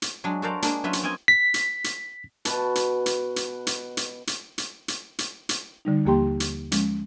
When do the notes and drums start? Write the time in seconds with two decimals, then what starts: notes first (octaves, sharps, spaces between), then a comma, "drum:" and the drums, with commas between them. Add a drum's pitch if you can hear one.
0.02 drum: hi-hat
0.24 F#3 G#3 D4
0.42 F#4 A4 A#4 C5 D5 F5
0.62 G#3 A#3 D4, drum: hi-hat
0.84 F#3 C#4 F4 B4 E5
0.93 drum: hi-hat
1.03 A#3 C4 C#4 D#5 G#5
1.28 B6
1.54 drum: hi-hat
1.84 drum: hi-hat
2.45 B2 B4 A5, drum: hi-hat
2.75 drum: hi-hat
3.06 drum: hi-hat
3.36 drum: hi-hat
3.67 drum: hi-hat
3.97 drum: hi-hat
4.27 drum: hi-hat
4.58 drum: hi-hat
4.88 drum: hi-hat
5.19 drum: hi-hat
5.49 drum: hi-hat
5.85 D3 G3 D#4
6.05 D#2 F3 A#3 G4 G5 C6
6.40 drum: hi-hat
6.72 F3 G#3 C#4, drum: hi-hat